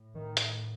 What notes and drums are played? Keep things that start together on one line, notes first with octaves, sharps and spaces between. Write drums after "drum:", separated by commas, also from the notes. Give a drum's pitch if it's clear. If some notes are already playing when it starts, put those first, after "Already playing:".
Already playing: A2
D#3
drum: hi-hat